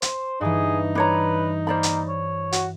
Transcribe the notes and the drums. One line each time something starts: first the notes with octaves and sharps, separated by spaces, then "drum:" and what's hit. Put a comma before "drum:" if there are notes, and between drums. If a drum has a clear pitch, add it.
C5, drum: hi-hat
G2 E3 D#4 G#4
D4 B4 C#5 A#5
A#3 C5 D5 B5
drum: hi-hat
C#5
F#4, drum: hi-hat